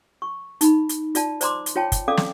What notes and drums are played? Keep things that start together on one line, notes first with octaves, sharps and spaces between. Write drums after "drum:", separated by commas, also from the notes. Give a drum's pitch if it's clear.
C#6
D#4 B5, drum: hi-hat
drum: hi-hat
F4 D5 A5, drum: hi-hat
C5 D5 A#5 C6 D6, drum: hi-hat
drum: hi-hat
F4 C#5 G5 A5
drum: kick, hi-hat
C#4 A4 D5 F5 D6 D#6
drum: snare